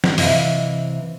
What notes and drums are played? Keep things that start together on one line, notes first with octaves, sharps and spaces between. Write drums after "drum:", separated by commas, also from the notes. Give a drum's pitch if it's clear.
drum: snare
C3 E3 D#5 F5, drum: open hi-hat